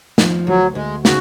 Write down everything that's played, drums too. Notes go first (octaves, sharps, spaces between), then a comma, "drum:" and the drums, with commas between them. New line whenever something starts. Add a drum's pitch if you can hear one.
F3, drum: snare
D2 F#3
D2 G#3
C#3 F#4, drum: snare